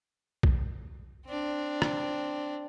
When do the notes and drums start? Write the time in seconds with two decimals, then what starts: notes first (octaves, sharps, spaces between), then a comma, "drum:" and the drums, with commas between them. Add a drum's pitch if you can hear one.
0.43 drum: kick B1
1.26 C4 D4
1.82 drum: rim click